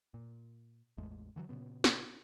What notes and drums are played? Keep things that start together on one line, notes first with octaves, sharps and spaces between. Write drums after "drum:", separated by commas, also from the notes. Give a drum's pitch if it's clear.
A#2
A1 E2 G#3 A3
D3 E3 F#3
A#2 C#3 B3
drum: snare